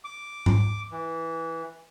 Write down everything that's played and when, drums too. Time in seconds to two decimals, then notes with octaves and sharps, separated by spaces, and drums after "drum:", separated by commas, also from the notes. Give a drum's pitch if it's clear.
0.04 D6
0.46 drum: tom G#2
0.91 E3